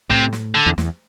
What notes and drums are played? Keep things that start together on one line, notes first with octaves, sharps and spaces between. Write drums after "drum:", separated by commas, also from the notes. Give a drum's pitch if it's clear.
A2 C3, drum: kick
drum: snare
D3
E2
E2, drum: snare